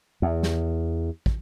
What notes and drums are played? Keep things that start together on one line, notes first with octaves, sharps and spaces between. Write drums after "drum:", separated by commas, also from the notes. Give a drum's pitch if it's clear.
E2
drum: snare
drum: kick